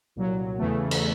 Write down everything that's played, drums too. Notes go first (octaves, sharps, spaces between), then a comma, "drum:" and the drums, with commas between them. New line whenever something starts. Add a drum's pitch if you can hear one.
C2 A#2 F#3
E2 C#3 E3 A3
drum: cymbal